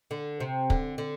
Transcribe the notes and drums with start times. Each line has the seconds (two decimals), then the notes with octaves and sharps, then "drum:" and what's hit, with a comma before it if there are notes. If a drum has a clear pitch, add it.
0.11 D3
0.40 C3
0.70 D3, drum: kick
0.98 D3